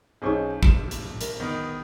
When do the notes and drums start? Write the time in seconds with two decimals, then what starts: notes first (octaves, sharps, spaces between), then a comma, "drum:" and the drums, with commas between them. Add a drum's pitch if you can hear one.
0.22 B1 C#4 D#4 G#4 C5 C#6
0.63 E7, drum: kick
0.91 drum: hi-hat
1.21 A#4, drum: hi-hat
1.40 D#3 B3 D#4